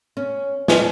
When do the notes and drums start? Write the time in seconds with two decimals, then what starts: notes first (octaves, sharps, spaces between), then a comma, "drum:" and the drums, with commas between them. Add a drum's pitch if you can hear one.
0.17 C#4
0.68 F2 F3 G3 B4 G#5, drum: snare